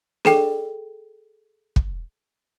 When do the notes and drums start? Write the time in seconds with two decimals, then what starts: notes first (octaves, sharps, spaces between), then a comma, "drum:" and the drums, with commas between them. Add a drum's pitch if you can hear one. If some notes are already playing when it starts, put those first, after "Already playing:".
0.25 G#4 A4 G5, drum: snare
1.76 drum: kick